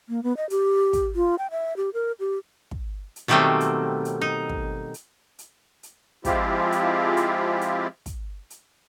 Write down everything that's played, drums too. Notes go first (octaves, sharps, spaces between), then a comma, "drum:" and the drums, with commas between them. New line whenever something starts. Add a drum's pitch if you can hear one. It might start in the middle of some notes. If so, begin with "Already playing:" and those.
A#3
B3
D#5
G4, drum: hi-hat
drum: kick, hi-hat
F4
G5
E5
G4
A#4
G4
drum: kick
drum: hi-hat
B2 D#3 F#3 G3 A3 C4
drum: hi-hat
drum: hi-hat
D#4
drum: kick
drum: hi-hat
drum: hi-hat
drum: hi-hat
F3 G#3 C4 E4 F4 G4, drum: kick, hi-hat
drum: hi-hat
drum: hi-hat
drum: hi-hat
drum: kick, hi-hat
drum: hi-hat